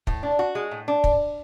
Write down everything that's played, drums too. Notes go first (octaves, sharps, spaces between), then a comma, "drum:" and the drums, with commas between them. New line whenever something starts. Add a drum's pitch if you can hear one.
A2, drum: kick
D4
F#4
G#3
A2
D4
drum: kick